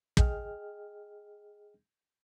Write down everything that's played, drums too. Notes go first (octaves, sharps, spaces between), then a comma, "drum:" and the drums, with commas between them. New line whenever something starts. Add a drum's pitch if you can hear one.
G#4 D#5 G5 F6, drum: kick